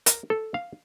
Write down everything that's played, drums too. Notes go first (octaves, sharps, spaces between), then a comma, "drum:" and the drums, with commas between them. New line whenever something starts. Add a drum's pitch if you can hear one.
A#4, drum: hi-hat
A4
F5